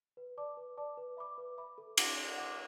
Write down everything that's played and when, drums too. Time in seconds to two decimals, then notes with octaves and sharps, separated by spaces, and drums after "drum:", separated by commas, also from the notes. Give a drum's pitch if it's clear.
0.17 B4
0.38 D5 A5 D6
0.57 B4
0.77 D5 A5 D6
0.97 B4
1.17 E5 B5 D6
1.38 B4
1.58 E5 B5 D6
1.78 A4
1.97 F#5 D6, drum: cymbal
2.18 A4
2.37 F#5 D6